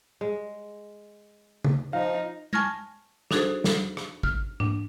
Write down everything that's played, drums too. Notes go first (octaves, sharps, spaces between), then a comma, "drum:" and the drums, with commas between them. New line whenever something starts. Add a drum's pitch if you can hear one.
G#3
drum: tom C#3
F3 D#4 F5
G#5 A5 C#6 F6 G#6 A#6, drum: tom G#3
D4 D#4 F#4 G#4 A4 C5, drum: snare
drum: snare
drum: rim click
F6, drum: kick
D4, drum: tom G#2